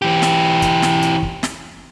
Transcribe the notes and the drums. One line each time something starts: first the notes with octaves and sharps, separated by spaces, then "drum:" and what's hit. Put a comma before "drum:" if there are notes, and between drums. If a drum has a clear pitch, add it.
E3 G4
drum: snare
drum: kick, hi-hat
drum: snare
drum: hi-hat
drum: kick
drum: snare